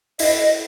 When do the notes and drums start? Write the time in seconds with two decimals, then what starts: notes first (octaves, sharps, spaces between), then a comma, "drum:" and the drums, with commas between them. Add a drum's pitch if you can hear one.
0.19 E4 D#5, drum: open hi-hat
0.39 D#5